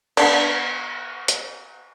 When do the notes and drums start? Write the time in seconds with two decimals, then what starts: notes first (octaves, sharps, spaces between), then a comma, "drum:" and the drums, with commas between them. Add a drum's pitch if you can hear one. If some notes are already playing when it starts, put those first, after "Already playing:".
0.17 B3 D4 D5, drum: cymbal
1.28 drum: hi-hat